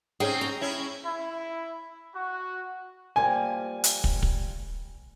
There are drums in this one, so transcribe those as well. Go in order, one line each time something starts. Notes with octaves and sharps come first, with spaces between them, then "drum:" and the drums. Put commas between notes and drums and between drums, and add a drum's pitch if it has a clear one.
C4 C#4 D#4 G#4 G5
A#5
C#4 E4
E4
F#4
F3 G3 A#3 G#5
drum: hi-hat
drum: kick
drum: kick